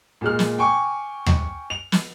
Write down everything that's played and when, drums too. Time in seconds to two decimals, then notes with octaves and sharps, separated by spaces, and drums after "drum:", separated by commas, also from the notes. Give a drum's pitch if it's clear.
0.21 A#2 G#3 F6
0.39 drum: snare
0.58 G5 G#5 C#6 D6
1.26 drum: tom D#2
1.70 F7
1.92 drum: snare